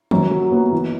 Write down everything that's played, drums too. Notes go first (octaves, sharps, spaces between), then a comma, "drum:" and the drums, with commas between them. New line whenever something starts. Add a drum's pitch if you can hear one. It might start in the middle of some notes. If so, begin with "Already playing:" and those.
F#2, drum: tom D#3
F#3
B3
E3